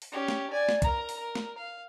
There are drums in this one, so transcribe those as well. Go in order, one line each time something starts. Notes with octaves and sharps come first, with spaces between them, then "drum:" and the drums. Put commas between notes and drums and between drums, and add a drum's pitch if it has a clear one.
drum: open hi-hat
C#4 G4
drum: snare
D5 G#5
drum: snare
A#4 A#5, drum: kick, hi-hat
drum: open hi-hat
A#4
drum: snare
F5